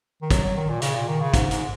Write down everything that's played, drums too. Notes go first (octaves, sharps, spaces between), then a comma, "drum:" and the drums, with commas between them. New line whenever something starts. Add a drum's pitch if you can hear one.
D#3
F#3, drum: kick, hi-hat
F#3
D#3
A#2
C#3, drum: hi-hat
A#2
D#3
C#3
G#2, drum: kick, hi-hat
G#2, drum: hi-hat